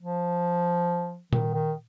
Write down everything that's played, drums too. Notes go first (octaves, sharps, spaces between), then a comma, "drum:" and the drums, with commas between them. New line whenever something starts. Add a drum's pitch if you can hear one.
F3
D#3, drum: tom A#2
D#3